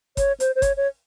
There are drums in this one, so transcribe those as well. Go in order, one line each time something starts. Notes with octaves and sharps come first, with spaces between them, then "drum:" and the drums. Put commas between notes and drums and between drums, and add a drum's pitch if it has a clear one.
C#5, drum: kick G1, hi-hat
C5, drum: hi-hat
C5
C#5, drum: kick G1, hi-hat
C#5